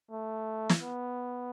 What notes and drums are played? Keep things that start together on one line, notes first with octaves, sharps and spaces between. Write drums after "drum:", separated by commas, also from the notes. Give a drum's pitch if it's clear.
A3
drum: snare
B3